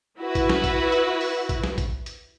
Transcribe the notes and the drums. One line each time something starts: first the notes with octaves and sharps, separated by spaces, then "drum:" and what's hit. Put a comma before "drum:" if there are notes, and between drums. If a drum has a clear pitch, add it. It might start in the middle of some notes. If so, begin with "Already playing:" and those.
E4 F#4 B4
drum: kick A1, hi-hat
drum: snare
drum: kick A1, hi-hat
drum: hi-hat
drum: open hi-hat
drum: kick A1, hi-hat
drum: snare
drum: kick A1, hi-hat
drum: hi-hat